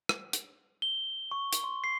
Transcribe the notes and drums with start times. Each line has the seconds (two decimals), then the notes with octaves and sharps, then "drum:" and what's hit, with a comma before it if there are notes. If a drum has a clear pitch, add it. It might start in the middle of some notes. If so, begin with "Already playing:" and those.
0.09 drum: rim click
0.33 drum: hi-hat
0.82 G7
1.31 C#6
1.53 drum: hi-hat
1.64 C6
1.84 C7